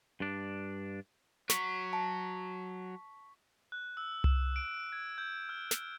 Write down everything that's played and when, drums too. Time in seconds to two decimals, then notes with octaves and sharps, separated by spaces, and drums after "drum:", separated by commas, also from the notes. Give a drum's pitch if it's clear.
0.20 G2 D4
1.50 F#3 C#6 B6, drum: snare
1.93 A5
3.72 F#6
3.97 E6
4.24 E7, drum: tom C2
4.56 D7
4.92 G#6
5.18 G6
5.49 F6
5.71 F6, drum: snare